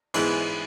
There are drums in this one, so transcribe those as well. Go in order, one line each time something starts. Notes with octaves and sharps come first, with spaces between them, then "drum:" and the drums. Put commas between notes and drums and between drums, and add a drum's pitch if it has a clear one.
G#2 E3 G#3 B3 E4, drum: cymbal